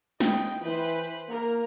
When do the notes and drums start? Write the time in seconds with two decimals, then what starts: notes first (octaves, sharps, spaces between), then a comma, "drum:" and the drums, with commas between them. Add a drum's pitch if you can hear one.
0.20 D#5 G5, drum: snare
0.62 E3 B4 C5
1.29 A#3 A#4 A#5